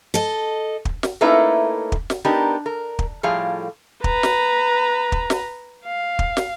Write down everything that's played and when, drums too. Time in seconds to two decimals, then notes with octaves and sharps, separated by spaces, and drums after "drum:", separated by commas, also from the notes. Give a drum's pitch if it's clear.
0.14 A4 D#5
0.85 drum: kick
1.03 drum: snare
1.21 A3 A#3 C#4 D#4 E4 B4
1.92 drum: kick
2.10 drum: snare
2.25 B3 D4 D#4 G4 A#4
2.66 A#4
2.99 drum: kick
3.23 A2 F3 G3 G#4 F5
4.04 B4 A#5, drum: kick
4.23 drum: snare
5.12 drum: kick
5.30 drum: snare
5.85 F5
6.19 drum: kick
6.37 drum: snare